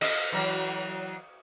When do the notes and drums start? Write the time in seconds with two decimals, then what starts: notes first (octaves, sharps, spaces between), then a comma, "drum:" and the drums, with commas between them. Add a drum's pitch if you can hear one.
0.01 D#5 E5, drum: cymbal
0.32 E3 F#3